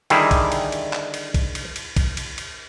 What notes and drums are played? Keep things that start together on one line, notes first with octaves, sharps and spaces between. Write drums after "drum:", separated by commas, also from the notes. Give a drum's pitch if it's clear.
D3 D#3 G3 E4 G#4, drum: cymbal
drum: kick, cymbal
drum: cymbal
drum: cymbal
drum: clap
drum: cymbal
drum: kick, cymbal
drum: cymbal
drum: cymbal
drum: kick, cymbal
drum: cymbal
drum: cymbal